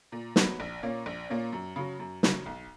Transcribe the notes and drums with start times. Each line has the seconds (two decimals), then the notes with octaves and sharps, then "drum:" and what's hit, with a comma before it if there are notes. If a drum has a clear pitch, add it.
0.12 A#2
0.36 F#3 B3, drum: snare
0.60 A#1
0.83 A#2 A#3 C#4
1.06 A#1
1.29 A#2 A#3 C#4
1.53 F#2
1.76 C#3 F#3
2.00 F#2
2.23 C#3 F#3, drum: snare
2.46 B1